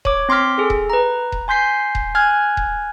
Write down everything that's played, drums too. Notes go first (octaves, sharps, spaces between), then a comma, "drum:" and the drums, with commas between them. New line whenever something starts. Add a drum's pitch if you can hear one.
C#5 D6, drum: kick D#1
C4 C6 D6 F6 B6
G#4 A4
drum: kick D#1
B4 A#5
drum: kick D#1
G#5 C6 G6 B6 C7
drum: kick D#1
G#5 F6 F#6 G#6
drum: kick D#1